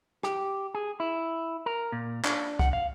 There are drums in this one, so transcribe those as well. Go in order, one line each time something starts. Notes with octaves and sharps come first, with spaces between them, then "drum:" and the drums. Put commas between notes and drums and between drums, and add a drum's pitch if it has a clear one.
G4, drum: rim click
G#4
E4
A#4
A#2
D4, drum: clap
F#5, drum: kick C2
F5